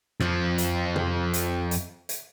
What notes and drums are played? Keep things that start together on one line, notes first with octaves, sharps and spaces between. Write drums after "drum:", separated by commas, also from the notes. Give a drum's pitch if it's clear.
F2 F3, drum: rim click
drum: hi-hat
drum: tom
drum: hi-hat
drum: hi-hat
drum: hi-hat